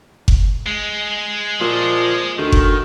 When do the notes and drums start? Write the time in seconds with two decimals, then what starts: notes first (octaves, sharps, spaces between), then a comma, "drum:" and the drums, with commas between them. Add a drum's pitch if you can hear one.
0.28 drum: kick F#1
0.67 G#3
1.61 A#2 F3
2.38 D2 D#3
2.52 drum: kick F#1